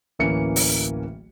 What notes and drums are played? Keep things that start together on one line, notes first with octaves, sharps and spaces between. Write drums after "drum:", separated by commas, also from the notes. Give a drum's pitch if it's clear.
D1 A1 E3 A#3 C#4 C#7
drum: open hi-hat